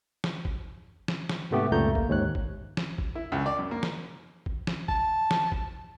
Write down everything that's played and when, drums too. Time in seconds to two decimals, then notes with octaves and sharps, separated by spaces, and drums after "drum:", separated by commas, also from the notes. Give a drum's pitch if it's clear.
0.24 drum: snare
0.45 drum: kick A1
1.08 drum: snare
1.29 drum: snare
1.51 G#2 C3 A3 B3 G4
1.71 C#2 F#2 A#2 A3 A#5 G6
1.95 A#3, drum: kick A1
2.09 D#2 G#2 C#5 F#6
2.35 drum: kick A1
2.77 drum: snare
2.98 drum: kick A1
3.15 E4
3.32 C#2
3.46 D5
3.58 F#2
3.71 A#3
3.83 drum: snare
4.46 drum: kick A1
4.67 drum: snare
4.88 A5, drum: kick A1
5.31 drum: snare
5.52 drum: kick A1